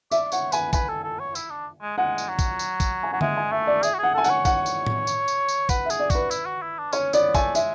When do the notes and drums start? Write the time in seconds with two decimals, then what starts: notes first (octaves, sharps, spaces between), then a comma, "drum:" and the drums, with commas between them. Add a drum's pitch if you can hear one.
0.12 D5 E5, drum: tambourine
0.32 C#5 F#5, drum: tambourine
0.52 B4 G#5, drum: tambourine
0.73 B4 G#5, drum: kick, tambourine
0.89 A4
1.04 A4
1.20 C#5
1.35 E4, drum: tambourine
1.50 D4
1.82 G#3
1.98 G#3 F#5
2.18 drum: tambourine
2.29 F#3
2.39 drum: kick, tambourine
2.59 drum: tambourine
2.80 drum: kick, tambourine
3.03 G#5
3.13 F#3 F#5
3.21 G#3 E5, drum: tom D3
3.37 G#5
3.52 A3 E5
3.67 D5
3.83 G#4 E5, drum: tambourine
3.94 F#4
3.99 G#4 F#5
4.14 A4 G#5
4.24 F#5, drum: tambourine
4.30 C#5
4.45 F#5, drum: kick, tambourine
4.66 drum: tambourine
4.87 drum: tom A2
5.07 drum: tambourine
5.28 drum: tambourine
5.48 drum: tambourine
5.69 B4 F#5, drum: kick, tambourine
5.85 E5
5.90 G#4, drum: tambourine
6.00 D5
6.10 F#4, drum: kick, tambourine
6.15 B4
6.31 E4, drum: tambourine
6.46 F#4
6.62 E4
6.78 D4
6.93 C#4 C#5, drum: tambourine
7.13 B3 D5, drum: tambourine
7.35 A3 G#5, drum: kick, tambourine
7.55 G#3 E5, drum: tambourine